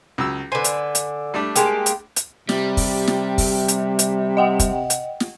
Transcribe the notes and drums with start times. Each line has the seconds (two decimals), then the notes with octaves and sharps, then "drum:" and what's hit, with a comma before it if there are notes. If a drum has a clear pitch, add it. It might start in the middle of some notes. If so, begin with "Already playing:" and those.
0.18 C#2 F#3 E6
0.52 D3 B4 C5 G#5
0.64 drum: hi-hat
0.95 drum: hi-hat
1.34 G3 A3 D4
1.55 G#3 A#3 G4, drum: hi-hat
1.86 drum: hi-hat
2.16 drum: hi-hat
2.49 C3 G3, drum: snare
2.77 drum: kick, open hi-hat
3.07 drum: snare
3.38 drum: kick, open hi-hat
3.68 drum: hi-hat
3.99 drum: hi-hat
4.37 D#5 F#5 G5
4.59 drum: kick, hi-hat
4.90 drum: hi-hat
5.20 drum: snare